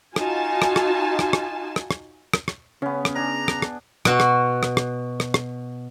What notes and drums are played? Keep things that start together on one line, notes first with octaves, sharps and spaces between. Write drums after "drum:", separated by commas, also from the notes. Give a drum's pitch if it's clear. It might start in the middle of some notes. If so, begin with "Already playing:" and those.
D#4 F4 F#4 G#5 A5, drum: rim click
drum: rim click
drum: rim click
drum: rim click
drum: rim click
drum: rim click
drum: rim click
drum: rim click
drum: rim click
C#3 B3 C#4
drum: rim click
D4 G#4 A#5
drum: rim click
drum: rim click
B2 F#4, drum: rim click
drum: rim click
drum: rim click
drum: rim click
drum: rim click
drum: rim click